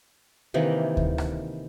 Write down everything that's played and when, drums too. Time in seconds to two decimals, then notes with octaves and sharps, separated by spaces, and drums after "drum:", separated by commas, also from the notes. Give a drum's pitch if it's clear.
0.54 C3 D#3 E3 A#3
0.97 drum: kick D2
1.18 drum: rim click